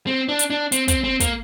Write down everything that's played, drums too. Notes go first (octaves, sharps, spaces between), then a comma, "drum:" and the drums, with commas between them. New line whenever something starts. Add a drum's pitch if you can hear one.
C4
D4
drum: hi-hat
D4
C4, drum: hi-hat
C4, drum: kick, hi-hat
C4
A#3, drum: kick, hi-hat